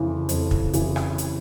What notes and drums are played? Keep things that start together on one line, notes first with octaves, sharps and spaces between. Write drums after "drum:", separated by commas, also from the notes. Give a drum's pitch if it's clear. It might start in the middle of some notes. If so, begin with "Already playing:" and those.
Already playing: F2 C#3 E3
F2, drum: hi-hat
drum: kick
C#3 E3, drum: hi-hat
drum: rim click
drum: hi-hat